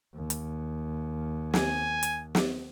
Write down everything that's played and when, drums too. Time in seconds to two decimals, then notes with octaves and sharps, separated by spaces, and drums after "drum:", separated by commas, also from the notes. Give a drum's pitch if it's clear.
0.15 D#2
0.30 drum: hi-hat
1.54 G#5, drum: snare
2.03 drum: hi-hat
2.35 drum: snare